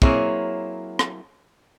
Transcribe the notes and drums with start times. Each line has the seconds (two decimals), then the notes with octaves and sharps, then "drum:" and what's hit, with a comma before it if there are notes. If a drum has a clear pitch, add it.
0.02 F#3 A#3 C4 E4 G#4 C#5, drum: kick
0.99 drum: rim click